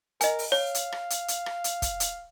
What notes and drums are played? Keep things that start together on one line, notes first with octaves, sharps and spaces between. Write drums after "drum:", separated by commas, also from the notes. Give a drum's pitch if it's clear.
A#4 D#5 G#5, drum: hi-hat
drum: open hi-hat
C#5 F5
drum: hi-hat
drum: rim click
drum: hi-hat
drum: hi-hat
drum: rim click
drum: hi-hat
drum: kick, hi-hat
drum: hi-hat